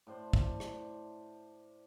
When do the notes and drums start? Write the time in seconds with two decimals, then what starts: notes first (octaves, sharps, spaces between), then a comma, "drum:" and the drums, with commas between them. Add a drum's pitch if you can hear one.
0.07 A2 D4 C5 D5
0.33 drum: kick
0.60 drum: rim click